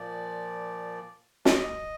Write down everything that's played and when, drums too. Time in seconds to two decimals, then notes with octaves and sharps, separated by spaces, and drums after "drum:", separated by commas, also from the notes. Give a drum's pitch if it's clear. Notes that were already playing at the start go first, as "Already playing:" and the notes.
Already playing: A#2 F3 D5
1.45 D5, drum: snare
1.53 D#5